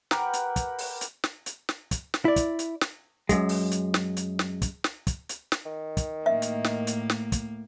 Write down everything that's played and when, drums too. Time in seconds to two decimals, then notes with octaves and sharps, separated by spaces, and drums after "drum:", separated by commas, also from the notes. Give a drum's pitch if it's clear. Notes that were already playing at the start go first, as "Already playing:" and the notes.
0.11 G4 A#4 B4 F#5, drum: snare
0.33 drum: hi-hat
0.56 drum: kick, hi-hat
0.79 drum: open hi-hat
1.01 drum: hi-hat
1.24 drum: snare
1.46 drum: hi-hat
1.69 drum: snare
1.91 drum: kick, hi-hat
2.14 drum: snare
2.25 E4 D5
2.36 drum: kick, hi-hat
2.59 drum: hi-hat
2.81 drum: snare
3.29 F#2 G#3, drum: kick, hi-hat
3.49 drum: open hi-hat
3.71 drum: hi-hat
3.94 drum: snare
4.17 drum: hi-hat
4.39 drum: snare
4.62 drum: kick, hi-hat
4.84 drum: snare
5.07 drum: kick, hi-hat
5.29 drum: hi-hat
5.52 drum: snare
5.66 D#3
5.97 drum: kick, hi-hat
6.26 A2 A#3 E5
6.42 drum: hi-hat
6.64 drum: snare
6.87 drum: hi-hat
7.10 drum: snare
7.32 drum: kick, hi-hat